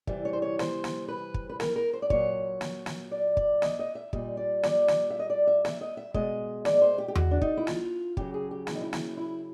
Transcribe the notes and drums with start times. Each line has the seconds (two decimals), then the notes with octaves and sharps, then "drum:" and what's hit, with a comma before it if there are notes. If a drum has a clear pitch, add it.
0.07 C3 E3 G3 E5, drum: kick
0.25 C#5
0.33 C5
0.42 C#5
0.59 C5, drum: snare
0.84 drum: snare
1.08 B4
1.34 drum: kick
1.49 B4
1.60 A#4, drum: snare
1.76 A#4
1.93 C5
2.02 D5
2.10 A#2 F#3 C#5, drum: kick
2.61 drum: snare
2.86 drum: snare
3.12 D5
3.37 D5, drum: kick
3.62 D#5, drum: snare
3.79 D#5
3.95 E5
4.13 A#2 G3 D#5, drum: kick
4.37 D5
4.63 D5, drum: snare
4.88 drum: snare
5.10 E5
5.19 D#5
5.30 D5
5.47 E5
5.65 E5, drum: snare
5.81 D#5
5.97 E5
6.14 B2 G#3 D#5, drum: kick
6.65 D5, drum: snare
6.82 C5
6.98 G4
7.08 G4
7.15 F#4, drum: tom E2
7.31 D4
7.41 D#4, drum: kick
7.57 E4
7.67 F4, drum: snare
8.17 C#3 F#3 G4, drum: kick
8.34 G#4
8.51 G4
8.67 E4, drum: snare
8.75 D#4
8.81 E4
8.93 drum: snare
9.17 E4